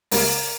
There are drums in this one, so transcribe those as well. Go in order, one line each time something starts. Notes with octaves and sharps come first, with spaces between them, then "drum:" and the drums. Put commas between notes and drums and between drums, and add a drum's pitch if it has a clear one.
C#2 C#3 G3 A#3 A#4, drum: open hi-hat